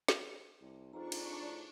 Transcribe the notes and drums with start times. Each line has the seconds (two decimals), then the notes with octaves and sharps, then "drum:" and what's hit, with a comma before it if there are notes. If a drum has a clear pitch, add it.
0.08 drum: snare
0.61 C2
0.93 F2 D4 D#4 F4 G#4 C5 A#5 C#6
1.12 drum: cymbal
1.40 A2